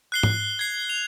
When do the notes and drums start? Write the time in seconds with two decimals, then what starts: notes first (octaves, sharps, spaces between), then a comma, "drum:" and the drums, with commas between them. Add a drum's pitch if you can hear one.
0.12 F#6 C7 G7
0.23 drum: tom G#2
0.59 G#6 C7
0.89 F7